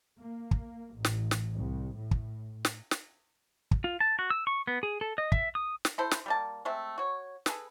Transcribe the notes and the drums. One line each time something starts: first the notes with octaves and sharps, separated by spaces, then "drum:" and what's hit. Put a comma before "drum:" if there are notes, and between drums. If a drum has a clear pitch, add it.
A#3
drum: kick
A1
drum: snare
drum: snare
C2
A2
drum: kick
drum: snare
drum: snare
drum: kick
F4
A5
F#4
E6
C#6
B3
G#4
A4
D#5
E5, drum: kick
D#6
drum: snare
E4 A4 C5
drum: snare
G3 A#3 A5
G#3 A3 C4
F#4 C#5
G#4 A4 B4, drum: snare